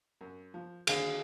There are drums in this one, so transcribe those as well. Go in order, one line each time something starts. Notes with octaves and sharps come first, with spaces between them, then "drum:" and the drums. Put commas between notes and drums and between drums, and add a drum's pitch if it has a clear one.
F#2
F3
D#2 D3 F#3 G#4 F5, drum: cymbal